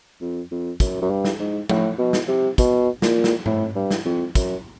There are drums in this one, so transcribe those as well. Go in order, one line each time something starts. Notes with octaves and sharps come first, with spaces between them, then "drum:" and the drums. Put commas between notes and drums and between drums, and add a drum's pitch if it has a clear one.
F2
F2
F#2, drum: kick, hi-hat
F#2
G2
drum: snare
G#2
A2, drum: tom F3
B2
drum: snare
C3
B2, drum: kick, hi-hat
A#2, drum: snare
drum: snare
A2, drum: tom G#2
G2
drum: snare
F2
F#2, drum: kick, hi-hat